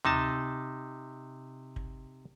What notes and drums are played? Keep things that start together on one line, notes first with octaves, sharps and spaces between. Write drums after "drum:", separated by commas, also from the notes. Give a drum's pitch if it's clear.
C3 D#4 A5, drum: tom D2
drum: kick